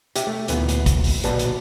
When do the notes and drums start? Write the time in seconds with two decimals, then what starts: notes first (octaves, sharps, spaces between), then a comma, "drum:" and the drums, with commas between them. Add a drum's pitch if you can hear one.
0.16 G4 E5, drum: hi-hat
0.27 A3
0.48 D2 A#2 E3 B3, drum: hi-hat
0.69 drum: hi-hat
0.86 drum: kick, hi-hat
1.04 drum: open hi-hat
1.23 B1 A#2 F#4 B4 D5 A5, drum: hi-hat
1.39 drum: hi-hat